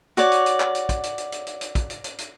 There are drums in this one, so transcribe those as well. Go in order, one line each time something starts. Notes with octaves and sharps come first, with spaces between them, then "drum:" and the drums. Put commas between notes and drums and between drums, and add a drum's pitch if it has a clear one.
F#4 C#5 D5, drum: hi-hat
drum: hi-hat
drum: hi-hat
drum: clap
drum: hi-hat
drum: kick, hi-hat
drum: hi-hat
drum: hi-hat
drum: hi-hat
drum: hi-hat
drum: hi-hat
drum: kick, hi-hat
drum: hi-hat
drum: hi-hat
drum: hi-hat